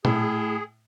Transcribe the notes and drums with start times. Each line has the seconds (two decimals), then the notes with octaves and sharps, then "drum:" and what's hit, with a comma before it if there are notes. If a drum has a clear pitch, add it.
0.05 A2 G#4, drum: tom A#2